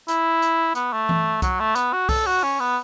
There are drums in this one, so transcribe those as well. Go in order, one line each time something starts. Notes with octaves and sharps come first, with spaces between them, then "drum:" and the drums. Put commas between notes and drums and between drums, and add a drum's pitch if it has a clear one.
E4, drum: hi-hat
drum: hi-hat
B3, drum: hi-hat
A3
drum: tom E3
F#3, drum: kick C2, hi-hat
A3
B3, drum: hi-hat
F#4
A4, drum: kick C2, open hi-hat
F#4
C#4
B3